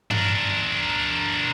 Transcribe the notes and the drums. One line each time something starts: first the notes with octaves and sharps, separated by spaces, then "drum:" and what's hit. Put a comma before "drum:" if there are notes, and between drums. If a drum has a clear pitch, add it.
D4 A#4, drum: tom G2